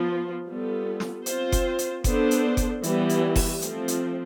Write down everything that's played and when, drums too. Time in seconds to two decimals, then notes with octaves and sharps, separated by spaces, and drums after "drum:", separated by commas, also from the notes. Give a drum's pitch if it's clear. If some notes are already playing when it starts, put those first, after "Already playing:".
Already playing: F3 B3 F4
0.48 G3 B3 F4 A4
1.00 drum: snare
1.26 C4 F4 C5, drum: hi-hat
1.52 drum: kick F#1, hi-hat
1.79 drum: hi-hat
2.04 B3 D4 A4 C5, drum: kick F#1, hi-hat
2.31 drum: hi-hat
2.57 drum: kick F#1, hi-hat
2.83 E3 G3 B3, drum: hi-hat
3.09 drum: hi-hat
3.36 drum: kick F#1, open hi-hat
3.62 F3 A3 C4, drum: hi-hat
3.88 drum: hi-hat